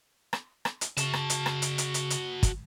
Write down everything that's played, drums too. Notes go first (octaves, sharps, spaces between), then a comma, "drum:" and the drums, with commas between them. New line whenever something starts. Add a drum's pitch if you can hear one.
drum: rim click
drum: rim click
drum: hi-hat
C#3 F#4 A5, drum: hi-hat
drum: rim click
drum: hi-hat
drum: rim click
drum: hi-hat
drum: hi-hat
drum: hi-hat
drum: hi-hat
drum: kick, hi-hat